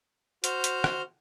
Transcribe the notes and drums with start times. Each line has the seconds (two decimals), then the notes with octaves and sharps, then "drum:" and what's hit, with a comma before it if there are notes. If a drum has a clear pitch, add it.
0.44 F#4 C5 F6 G6, drum: hi-hat
0.64 drum: hi-hat
0.84 drum: rim click